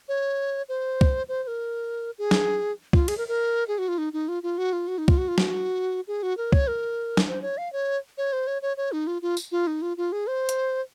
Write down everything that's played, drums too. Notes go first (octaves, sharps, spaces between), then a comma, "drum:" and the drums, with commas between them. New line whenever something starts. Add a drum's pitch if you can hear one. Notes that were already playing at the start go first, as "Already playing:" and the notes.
C#5
C5
drum: kick C2
C5
C5
A#4
G#4
drum: snare
F4, drum: kick C2
G#4, drum: cymbal
A#4
A#4
G#4
F#4
F4
D#4
D#4
F4
F4
F#4
F4
F#4
D#4
F4, drum: kick C2
F#4
F4
F#4, drum: snare
G#4
F#4
A#4
C#5, drum: kick C2
A#4
drum: snare
C5
C#5
F5
C#5
C#5
C5
C#5
C#5
C#5
D#4
F4
F4
drum: tambourine
F4
D#4
F4
F4
G#4
C5
drum: hi-hat